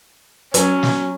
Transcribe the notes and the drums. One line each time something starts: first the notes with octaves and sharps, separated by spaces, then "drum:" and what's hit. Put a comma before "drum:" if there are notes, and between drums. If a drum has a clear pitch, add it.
F#3 C#4, drum: hi-hat
drum: snare